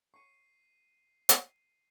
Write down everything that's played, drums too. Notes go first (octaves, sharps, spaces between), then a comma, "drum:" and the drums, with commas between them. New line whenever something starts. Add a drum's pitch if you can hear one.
C#6 C7 D#7
drum: hi-hat